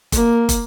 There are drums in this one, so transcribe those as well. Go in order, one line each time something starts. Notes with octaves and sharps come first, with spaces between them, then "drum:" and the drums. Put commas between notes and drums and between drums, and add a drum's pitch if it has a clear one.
A#3, drum: kick, hi-hat
drum: kick, hi-hat